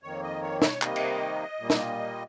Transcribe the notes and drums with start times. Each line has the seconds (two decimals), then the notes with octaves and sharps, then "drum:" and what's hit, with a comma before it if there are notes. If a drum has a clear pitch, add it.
0.03 F2 D#3 A#3 C#5
0.23 D#5
0.42 C#5
0.62 C#5, drum: snare
0.82 C3 D#3 G3 A#3 D#5, drum: clap
0.96 drum: cymbal
1.60 A#2 G3 A#3
1.70 drum: snare